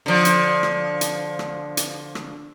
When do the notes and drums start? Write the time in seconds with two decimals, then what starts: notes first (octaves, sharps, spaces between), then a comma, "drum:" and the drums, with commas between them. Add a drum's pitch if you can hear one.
0.06 D3 F3
0.25 drum: hi-hat
0.63 drum: rim click
1.01 drum: hi-hat
1.39 drum: rim click
1.77 drum: hi-hat
2.15 drum: rim click